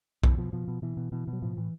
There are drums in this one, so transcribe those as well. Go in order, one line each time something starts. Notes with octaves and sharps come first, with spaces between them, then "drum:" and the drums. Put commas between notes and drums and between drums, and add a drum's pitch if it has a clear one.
B2 E3, drum: kick B1
B2 F3
B2 F3
B2
B2 E3
B2
B2 E3
B2
F#3
A2 F3
A2 E3